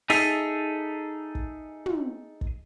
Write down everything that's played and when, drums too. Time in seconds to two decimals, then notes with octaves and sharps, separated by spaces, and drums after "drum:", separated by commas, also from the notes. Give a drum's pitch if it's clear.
0.10 D#4 G#4 A4 E5, drum: open hi-hat
1.35 drum: kick
1.86 drum: tom
2.41 drum: kick